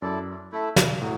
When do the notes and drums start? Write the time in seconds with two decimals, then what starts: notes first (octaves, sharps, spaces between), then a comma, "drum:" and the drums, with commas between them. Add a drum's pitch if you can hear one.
0.02 F#2 E4 A4 D5
0.52 A3 E4 A4 E5
0.76 drum: snare
1.02 A2 F#3